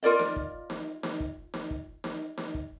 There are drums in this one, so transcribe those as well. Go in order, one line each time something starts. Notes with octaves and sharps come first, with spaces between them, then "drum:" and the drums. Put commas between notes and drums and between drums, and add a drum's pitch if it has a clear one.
F4 A#4 D5 D#5
drum: snare D#4
drum: kick
drum: snare D#4
drum: snare D#4
drum: kick
drum: snare D#4
drum: kick
drum: snare D#4
drum: snare D#4
drum: kick